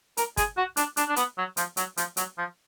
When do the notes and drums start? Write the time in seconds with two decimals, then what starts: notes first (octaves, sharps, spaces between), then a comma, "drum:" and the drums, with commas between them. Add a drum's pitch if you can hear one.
0.17 A#4, drum: hi-hat
0.37 G#4, drum: kick, hi-hat
0.57 F#4
0.77 D4, drum: hi-hat
0.97 D4, drum: hi-hat
1.08 D4
1.16 B3, drum: hi-hat
1.38 F#3
1.57 F3, drum: hi-hat
1.77 F#3, drum: hi-hat
1.97 F3, drum: hi-hat
2.17 F#3, drum: hi-hat
2.38 F3